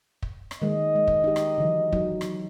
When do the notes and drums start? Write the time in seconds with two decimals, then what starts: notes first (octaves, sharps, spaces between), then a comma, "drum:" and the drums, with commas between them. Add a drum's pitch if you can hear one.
0.22 drum: kick
0.51 drum: rim click
0.62 D#3 G#3 D#5
0.96 G#3
1.07 drum: kick
1.24 D#4 G4
1.36 drum: rim click
1.58 D3 E3 F#3
1.92 F#3 D#4, drum: kick
2.21 drum: rim click